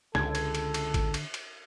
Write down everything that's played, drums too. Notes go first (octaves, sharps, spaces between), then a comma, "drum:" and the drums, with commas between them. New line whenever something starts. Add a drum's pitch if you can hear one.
C#2 D3 A4 G#6, drum: snare
drum: cymbal
drum: cymbal
drum: cymbal
drum: kick G#1, cymbal
drum: cymbal
drum: cymbal